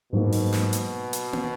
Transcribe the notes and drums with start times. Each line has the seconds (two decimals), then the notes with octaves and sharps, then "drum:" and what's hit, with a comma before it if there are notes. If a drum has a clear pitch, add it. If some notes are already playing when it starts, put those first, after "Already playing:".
0.12 G#2 B2 F#3 A#3
0.32 drum: open hi-hat
0.53 drum: snare
0.73 drum: hi-hat
1.13 drum: hi-hat
1.33 drum: tom A#3